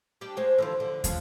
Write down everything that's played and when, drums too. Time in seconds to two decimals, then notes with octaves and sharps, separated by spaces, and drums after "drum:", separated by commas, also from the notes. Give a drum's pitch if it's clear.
0.21 G3 D4 G4
0.37 G#3 C5 C#5
0.58 D3 E3 F3
0.80 D3
1.04 F3 G#3 C#4, drum: kick, hi-hat